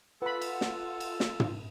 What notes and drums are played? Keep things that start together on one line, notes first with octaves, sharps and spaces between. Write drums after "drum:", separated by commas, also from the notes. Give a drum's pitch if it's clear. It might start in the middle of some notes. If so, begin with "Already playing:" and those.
F4 A4 B4 F#5 B5
drum: cymbal
drum: snare
drum: cymbal
drum: snare
drum: tom